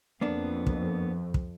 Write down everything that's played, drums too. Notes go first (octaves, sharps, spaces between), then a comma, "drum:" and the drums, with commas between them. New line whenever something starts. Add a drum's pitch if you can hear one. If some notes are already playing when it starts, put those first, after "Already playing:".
F2 A#3 B3 D4
drum: kick
drum: kick